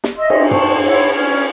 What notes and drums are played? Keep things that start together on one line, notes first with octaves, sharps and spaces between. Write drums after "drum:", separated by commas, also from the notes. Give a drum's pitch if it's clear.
drum: snare
D#5 E5 C6 E6
drum: cymbal
C5 A5 C#6, drum: tom
E4 C5 C#5 F#5
C#4